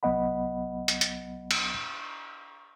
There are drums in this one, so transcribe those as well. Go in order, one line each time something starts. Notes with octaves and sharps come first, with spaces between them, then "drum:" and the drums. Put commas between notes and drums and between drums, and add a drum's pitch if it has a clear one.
C2 F#3 B3 D#5 F#5 B5
drum: hi-hat
drum: hi-hat
drum: cymbal